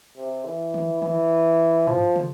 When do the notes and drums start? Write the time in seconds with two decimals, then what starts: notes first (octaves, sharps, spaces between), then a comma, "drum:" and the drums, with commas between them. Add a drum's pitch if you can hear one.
0.17 C3
0.45 E3
0.74 drum: tom D3
1.02 E3, drum: tom D3
1.88 F3, drum: tom
2.16 drum: tom